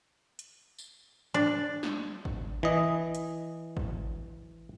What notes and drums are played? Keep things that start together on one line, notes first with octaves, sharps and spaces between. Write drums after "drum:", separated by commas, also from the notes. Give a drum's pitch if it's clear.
drum: hi-hat
drum: tambourine
D4
drum: snare
drum: kick G#1
E3 D#5
drum: hi-hat
drum: kick G#1